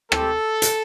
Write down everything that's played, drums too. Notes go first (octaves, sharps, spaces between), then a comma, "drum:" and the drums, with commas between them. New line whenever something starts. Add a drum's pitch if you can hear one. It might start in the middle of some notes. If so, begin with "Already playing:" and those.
A3 C4 G4 A4, drum: rim click
drum: hi-hat